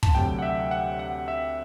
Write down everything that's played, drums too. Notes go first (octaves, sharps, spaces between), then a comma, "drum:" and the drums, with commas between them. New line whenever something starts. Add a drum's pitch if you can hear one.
A5, drum: kick
D2 C3 F#3 G5
F#5
E5
F#5
F#5
E5